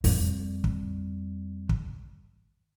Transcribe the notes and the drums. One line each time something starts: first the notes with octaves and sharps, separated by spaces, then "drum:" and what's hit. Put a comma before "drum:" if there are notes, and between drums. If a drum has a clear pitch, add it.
F2 G3, drum: open hi-hat
drum: kick
drum: kick